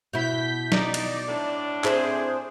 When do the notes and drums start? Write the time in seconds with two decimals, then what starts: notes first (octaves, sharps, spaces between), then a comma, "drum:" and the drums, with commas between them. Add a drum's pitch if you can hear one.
0.13 B2 E4 G6 B6
0.72 D#4 D5, drum: snare
0.94 drum: cymbal
1.28 A2 D4
1.84 C4 E4 G#4 C5, drum: clap